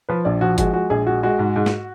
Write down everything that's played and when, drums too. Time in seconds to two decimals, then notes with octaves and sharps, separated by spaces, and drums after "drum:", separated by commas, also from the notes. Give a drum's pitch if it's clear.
0.09 F3 B4
0.25 A#1 D5
0.41 F3 F#4
0.58 G#3 F#4, drum: kick G1, hi-hat
0.73 G#3 F#4
0.90 A#1 G#4
1.07 G#3 F#4
1.23 G#3 F#4
1.39 G#2
1.56 G#2
1.66 drum: snare